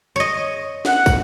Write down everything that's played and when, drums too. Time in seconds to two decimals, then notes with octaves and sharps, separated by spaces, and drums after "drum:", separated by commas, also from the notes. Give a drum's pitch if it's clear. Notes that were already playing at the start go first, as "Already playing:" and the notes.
0.16 C#5 D#5
0.85 F#5, drum: snare
1.06 drum: kick, tambourine